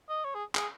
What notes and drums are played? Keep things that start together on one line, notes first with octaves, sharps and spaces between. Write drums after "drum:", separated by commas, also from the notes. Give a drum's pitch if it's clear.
D#5
C#5
G#4
G#4, drum: clap